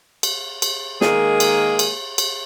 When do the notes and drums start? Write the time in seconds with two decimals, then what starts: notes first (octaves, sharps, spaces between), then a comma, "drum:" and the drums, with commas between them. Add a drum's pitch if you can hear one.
0.23 drum: cymbal
0.62 drum: cymbal
1.01 D#3 G#3 A#3 G#4, drum: snare
1.40 drum: cymbal
1.79 drum: cymbal
2.18 drum: cymbal